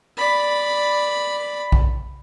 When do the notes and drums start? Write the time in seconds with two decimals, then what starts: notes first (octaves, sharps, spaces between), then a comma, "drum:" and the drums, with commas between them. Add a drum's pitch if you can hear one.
0.17 D5 B5
1.72 drum: kick B1